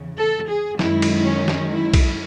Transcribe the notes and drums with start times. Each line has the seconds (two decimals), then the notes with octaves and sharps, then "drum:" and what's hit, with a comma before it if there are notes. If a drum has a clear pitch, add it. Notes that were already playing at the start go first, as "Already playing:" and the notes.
Already playing: E2 C#3 E3
0.18 A4
0.50 G#4
0.79 F#2 D#3 G#3 E4, drum: snare
1.02 drum: cymbal
1.25 C#4
1.48 drum: snare
1.71 E4
1.94 drum: kick B1, cymbal